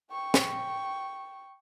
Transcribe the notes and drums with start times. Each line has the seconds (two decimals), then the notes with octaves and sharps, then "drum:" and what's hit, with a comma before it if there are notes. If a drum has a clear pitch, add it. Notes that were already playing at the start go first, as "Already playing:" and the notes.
0.11 G5 C#6
0.34 drum: snare